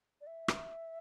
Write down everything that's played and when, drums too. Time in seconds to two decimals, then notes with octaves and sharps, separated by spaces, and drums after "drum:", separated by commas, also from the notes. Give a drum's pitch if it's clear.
0.21 D5
0.27 E5
0.48 drum: rim click